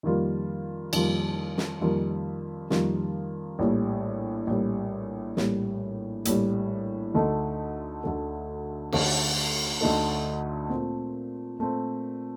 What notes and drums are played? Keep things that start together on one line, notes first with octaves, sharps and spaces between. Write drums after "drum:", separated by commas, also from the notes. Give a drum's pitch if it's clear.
F2 D#3 G3 A#3 F4
F2 D#3 G3 A#3 F4, drum: cymbal
drum: snare
F2 D#3 G3 A#3 F4
F2 D#3 G3 A#3 F4, drum: snare
A#1 A2 G3
A#1 A2 G3
A#1 A2 G3, drum: snare
A#1 A2 G3, drum: hi-hat
D2 D3 A3 D#4 A4
D2 D3 A3 D#4 A4
D2 D3 A3 D#4 A4, drum: cymbal
D2 D3 A3 D#4 A4
A#2 A3 C4
A#2 A3 C4